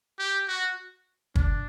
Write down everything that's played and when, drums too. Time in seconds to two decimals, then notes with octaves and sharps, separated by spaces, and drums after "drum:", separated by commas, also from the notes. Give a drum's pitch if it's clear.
0.19 G4
0.48 F#4
1.35 D4, drum: kick